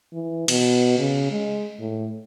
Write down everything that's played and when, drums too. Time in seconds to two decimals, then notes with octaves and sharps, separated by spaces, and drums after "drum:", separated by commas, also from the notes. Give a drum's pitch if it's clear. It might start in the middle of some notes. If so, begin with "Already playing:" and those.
0.13 E3
0.48 B2, drum: cymbal
0.98 C#3
1.31 G#3
1.80 A2